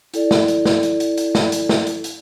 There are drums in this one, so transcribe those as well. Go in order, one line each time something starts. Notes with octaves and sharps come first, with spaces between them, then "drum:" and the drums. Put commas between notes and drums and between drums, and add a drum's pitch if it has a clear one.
E4 A4 D5, drum: hi-hat
drum: snare
drum: hi-hat
drum: snare
drum: hi-hat
drum: hi-hat
drum: hi-hat
drum: snare
drum: hi-hat
drum: snare
drum: hi-hat
drum: hi-hat